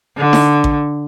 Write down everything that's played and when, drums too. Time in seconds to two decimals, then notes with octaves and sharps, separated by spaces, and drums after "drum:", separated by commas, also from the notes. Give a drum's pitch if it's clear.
0.17 D3
0.33 drum: snare D#4
0.64 drum: kick A1